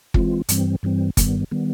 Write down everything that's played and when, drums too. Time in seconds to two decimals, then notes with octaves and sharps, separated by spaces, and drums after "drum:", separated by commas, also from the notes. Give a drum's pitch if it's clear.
0.14 E3 G#3 C4 F4, drum: kick
0.49 G2 E3 G3 C4, drum: hi-hat
0.83 G2 E3 G3 C4
1.17 G2 D#3 G3 B3, drum: kick, hi-hat
1.51 D#3 G3 B3